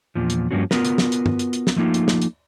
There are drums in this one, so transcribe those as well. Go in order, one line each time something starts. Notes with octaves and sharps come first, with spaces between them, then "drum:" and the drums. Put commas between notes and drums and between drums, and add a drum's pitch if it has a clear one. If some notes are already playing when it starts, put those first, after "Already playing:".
E2 A#2 F3
drum: hi-hat
G2 D#3 F3 A#3 C#4 F#4
B3 F4 F#4 A#4 B4, drum: snare
drum: hi-hat
drum: snare
drum: hi-hat
drum: tom G2
drum: hi-hat
drum: hi-hat
drum: snare
F3 A3 A#3 D#4 F4
drum: hi-hat
drum: snare
drum: hi-hat